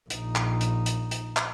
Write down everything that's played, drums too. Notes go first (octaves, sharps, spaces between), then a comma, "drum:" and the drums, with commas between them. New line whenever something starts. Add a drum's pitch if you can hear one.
A#1 D#4, drum: hi-hat
drum: clap
drum: hi-hat
drum: hi-hat
drum: hi-hat
drum: clap